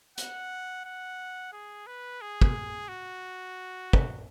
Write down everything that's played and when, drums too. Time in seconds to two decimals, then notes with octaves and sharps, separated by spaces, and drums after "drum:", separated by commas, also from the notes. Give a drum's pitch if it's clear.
0.18 F#5, drum: hi-hat
0.85 F#5
1.52 G#4
1.87 B4
2.21 G#4
2.42 drum: kick
2.88 F#4
3.93 drum: kick